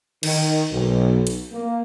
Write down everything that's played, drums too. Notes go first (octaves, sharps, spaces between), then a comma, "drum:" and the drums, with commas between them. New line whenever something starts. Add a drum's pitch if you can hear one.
D#3, drum: cymbal
B1
drum: hi-hat
A#3